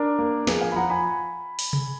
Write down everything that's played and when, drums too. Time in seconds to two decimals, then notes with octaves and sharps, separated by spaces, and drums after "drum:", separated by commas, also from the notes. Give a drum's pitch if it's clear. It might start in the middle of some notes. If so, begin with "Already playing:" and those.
Already playing: D4 A#4 D5
0.19 A#3
0.47 F3 G#4 B4, drum: snare
0.61 F5 G#5
0.72 B5
0.76 F3 F#5 A#5
0.90 G#5 B5
1.59 drum: open hi-hat
1.73 drum: tom C3